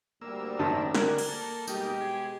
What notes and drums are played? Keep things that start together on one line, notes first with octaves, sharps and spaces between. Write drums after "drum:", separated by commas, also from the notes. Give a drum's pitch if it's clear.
D2 G3 A#3 E6
F#2 D#3 A5
D3 A#4 F#5 G#5, drum: snare
drum: cymbal
A#3 A4
B2 G3 G#3 A#3 D#4 G4, drum: tambourine
G#4